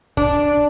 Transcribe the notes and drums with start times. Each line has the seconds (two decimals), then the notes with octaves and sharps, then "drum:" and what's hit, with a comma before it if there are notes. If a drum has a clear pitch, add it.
0.17 D4, drum: kick